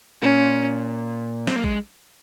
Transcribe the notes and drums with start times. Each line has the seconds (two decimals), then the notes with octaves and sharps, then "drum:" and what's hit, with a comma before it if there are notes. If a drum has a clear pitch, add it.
0.22 A#2 C#4
1.47 C4, drum: snare
1.56 A#3
1.64 G#3, drum: kick A1